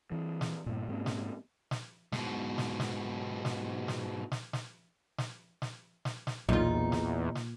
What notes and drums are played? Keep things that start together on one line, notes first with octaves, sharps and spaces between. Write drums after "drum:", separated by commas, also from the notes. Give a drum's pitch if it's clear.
E3 C4
drum: snare
G2 A#2
G#2 A#3 C4 C#4
drum: snare
drum: snare
G#2 B2, drum: snare
drum: snare
drum: snare
drum: snare
drum: snare
drum: snare
drum: snare
drum: snare
drum: snare
drum: snare
drum: snare
B1 E2 A#2 D#4 F4
drum: snare
drum: snare